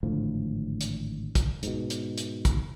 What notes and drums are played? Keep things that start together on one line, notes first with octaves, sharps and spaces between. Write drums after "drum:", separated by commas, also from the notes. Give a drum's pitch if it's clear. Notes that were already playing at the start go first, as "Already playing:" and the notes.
G#1 A2 D3 F3
drum: hi-hat
drum: kick, hi-hat
G#2 B2, drum: hi-hat
drum: hi-hat
drum: hi-hat
drum: kick, hi-hat